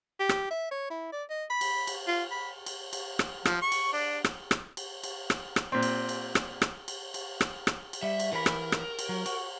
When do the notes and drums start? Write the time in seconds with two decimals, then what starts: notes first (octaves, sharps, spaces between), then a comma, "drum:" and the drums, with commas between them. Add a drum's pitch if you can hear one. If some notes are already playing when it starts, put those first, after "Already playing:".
0.20 G4
0.29 drum: rim click
0.51 E5
0.71 C#5
0.90 E4
1.12 D5
1.30 D#5
1.50 B5
1.61 drum: cymbal
1.87 drum: cymbal
2.07 F4
2.31 B5
2.66 drum: cymbal
2.93 drum: cymbal
3.19 drum: rim click
3.45 F3, drum: rim click
3.62 C#6
3.72 drum: cymbal
3.93 D4
4.24 drum: rim click
4.51 drum: rim click
4.77 drum: cymbal
5.03 drum: cymbal
5.30 drum: rim click
5.56 drum: rim click
5.72 A#2 C4
5.83 drum: cymbal
6.09 drum: cymbal
6.35 drum: rim click
6.62 drum: rim click
6.88 drum: cymbal
7.14 drum: cymbal
7.41 drum: rim click
7.67 drum: rim click
7.93 drum: cymbal
8.03 G3 E5
8.20 drum: cymbal
8.33 E3 A#4 B5
8.46 drum: rim click
8.72 drum: rim click
8.99 drum: cymbal
9.09 F#3
9.26 F#4, drum: cymbal